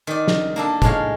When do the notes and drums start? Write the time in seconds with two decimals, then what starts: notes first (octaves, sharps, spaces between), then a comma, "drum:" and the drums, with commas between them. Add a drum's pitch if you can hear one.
0.07 D#3 D5
0.28 drum: snare
0.56 A#3 D4 A4
0.82 A2 G#3 C#5 F5, drum: kick